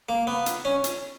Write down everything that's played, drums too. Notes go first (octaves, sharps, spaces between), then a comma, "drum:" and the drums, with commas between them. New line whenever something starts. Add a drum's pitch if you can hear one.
A#3
B3
drum: hi-hat
C#4
drum: hi-hat